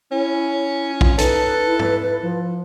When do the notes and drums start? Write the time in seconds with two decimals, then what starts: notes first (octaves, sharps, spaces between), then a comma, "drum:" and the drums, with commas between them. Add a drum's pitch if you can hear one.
0.12 C#4 E4
1.01 F4, drum: kick A#1
1.18 D#4 A4 B4, drum: hi-hat
1.66 E4
1.79 drum: tom G#2
2.22 F3